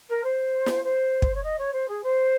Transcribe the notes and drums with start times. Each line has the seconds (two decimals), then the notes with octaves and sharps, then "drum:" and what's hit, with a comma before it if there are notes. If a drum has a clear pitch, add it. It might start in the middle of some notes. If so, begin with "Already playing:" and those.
0.09 A#4
0.23 C5
0.66 drum: snare
0.84 C5
1.22 drum: kick
1.34 C#5
1.43 D#5
1.58 C#5
1.73 C5
1.88 G#4
2.03 C5